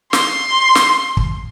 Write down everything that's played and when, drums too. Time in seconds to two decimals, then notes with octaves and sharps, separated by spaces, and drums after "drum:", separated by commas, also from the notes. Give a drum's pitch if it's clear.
0.13 C6, drum: snare
0.75 drum: snare
1.17 drum: kick